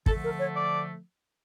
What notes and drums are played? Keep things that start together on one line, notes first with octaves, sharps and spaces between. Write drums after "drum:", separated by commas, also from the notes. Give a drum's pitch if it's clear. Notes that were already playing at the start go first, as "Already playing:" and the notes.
D3 F3 A3 A4, drum: kick
A#4
C#5
D5